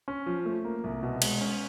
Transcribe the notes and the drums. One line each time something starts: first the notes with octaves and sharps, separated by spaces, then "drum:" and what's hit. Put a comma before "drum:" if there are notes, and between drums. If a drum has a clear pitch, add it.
C#4
F3
A3
A#3
C2
B2
G#3, drum: cymbal
C#4